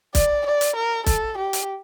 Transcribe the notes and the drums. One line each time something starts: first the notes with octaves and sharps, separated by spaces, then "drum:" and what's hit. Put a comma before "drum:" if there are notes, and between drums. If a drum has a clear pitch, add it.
D5, drum: kick, hi-hat
D5
drum: hi-hat
A#4
A4, drum: kick, hi-hat
G4
drum: hi-hat